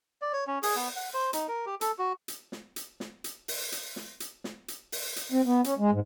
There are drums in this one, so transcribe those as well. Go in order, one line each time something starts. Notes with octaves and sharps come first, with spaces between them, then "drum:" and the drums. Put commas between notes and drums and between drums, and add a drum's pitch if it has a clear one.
D5
C#5
C#4
G#4, drum: open hi-hat
B3
F#5
C5
D#4, drum: hi-hat
A#4
G4
A4, drum: hi-hat
F#4
drum: hi-hat
drum: snare
drum: hi-hat
drum: snare
drum: hi-hat
drum: open hi-hat
drum: hi-hat
drum: snare
drum: hi-hat
drum: snare
drum: hi-hat
drum: open hi-hat
drum: hi-hat
C4
B3
C#4, drum: hi-hat
G#3
G#2